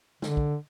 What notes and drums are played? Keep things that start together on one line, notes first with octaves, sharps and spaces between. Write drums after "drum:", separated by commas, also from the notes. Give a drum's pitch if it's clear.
D3, drum: snare
drum: kick